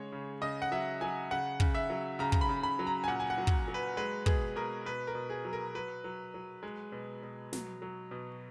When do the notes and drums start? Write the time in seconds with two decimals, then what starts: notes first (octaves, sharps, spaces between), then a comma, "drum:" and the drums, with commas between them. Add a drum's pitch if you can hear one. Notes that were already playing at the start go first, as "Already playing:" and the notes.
Already playing: C#3 G#3 C#5
0.12 C#3
0.41 C#3 D#5
0.62 F#5
0.72 F#3 E5
1.01 F#3 G#5
1.31 C#3 F#5
1.60 C#3, drum: kick
1.75 E5
1.90 F#3
2.19 C#3 A#5
2.32 A#5, drum: kick
2.41 B5
2.49 C#3
2.63 B5
2.79 F#3
2.87 A#5
3.04 G#5
3.08 A#2 F#5
3.20 G#5
3.30 F#5
3.38 F#3
3.47 drum: kick
3.68 F#3
3.74 B4
3.97 G#3 B4
4.26 B2 G#4, drum: kick
4.56 B2 A#4
4.86 B2 B4
5.07 A#4
5.15 B2
5.30 G#4
5.44 F#3
5.53 A#4
5.75 F#3 B4
6.04 F#3
6.34 F#3
6.63 G#3
6.92 B2
7.23 B2
7.53 F#3, drum: snare
7.82 F#3
8.11 B2